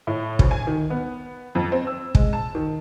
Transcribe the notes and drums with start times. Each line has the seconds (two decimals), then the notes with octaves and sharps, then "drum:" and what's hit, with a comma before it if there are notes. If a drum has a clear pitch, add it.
0.07 A2
0.39 D2, drum: kick
0.51 G#5
0.67 D#3
0.90 B3
1.55 F2
1.72 C4
1.87 E6
2.15 G#3, drum: kick
2.33 A5
2.55 D#3